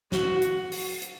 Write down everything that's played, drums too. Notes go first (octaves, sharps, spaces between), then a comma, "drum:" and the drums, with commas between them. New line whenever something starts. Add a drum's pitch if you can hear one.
F#4, drum: snare
drum: hi-hat
drum: open hi-hat
drum: hi-hat